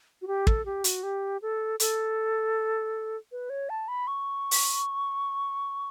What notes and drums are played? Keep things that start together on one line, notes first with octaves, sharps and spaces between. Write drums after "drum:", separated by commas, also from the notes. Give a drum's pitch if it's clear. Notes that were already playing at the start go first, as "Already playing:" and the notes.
F#4
G4
A4, drum: kick
G4
F#4, drum: hi-hat
G4
A4
A4, drum: hi-hat
B4
C#5
A5
B5
C#6
drum: open hi-hat